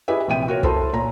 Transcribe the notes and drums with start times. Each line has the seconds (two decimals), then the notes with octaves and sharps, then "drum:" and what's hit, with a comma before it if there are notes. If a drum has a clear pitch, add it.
0.08 E4 G4 G#4 B4 D#5 E5
0.28 A#1 C3 E5 G5 D#7
0.47 F4 F#4 A#4 C#5
0.63 E4 A4 C5 A5 C6, drum: kick
0.93 A#2 C#5 A#5